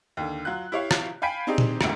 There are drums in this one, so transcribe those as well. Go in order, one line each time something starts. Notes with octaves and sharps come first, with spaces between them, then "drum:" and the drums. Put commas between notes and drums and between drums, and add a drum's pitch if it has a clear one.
D#2 D3
F#3 F4 F#6
E4 G4 C#5 F5
drum: rim click
F5 G5 G#5 B5 B6 D7
C4 D4 D#4 G4 G#4
drum: tom A#2
E1 D2 G#2 C#3 C#7 D7, drum: rim click